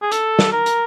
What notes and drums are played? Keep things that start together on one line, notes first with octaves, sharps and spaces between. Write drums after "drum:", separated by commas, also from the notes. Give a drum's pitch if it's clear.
G#4
A4, drum: hi-hat
drum: snare
A#4
drum: hi-hat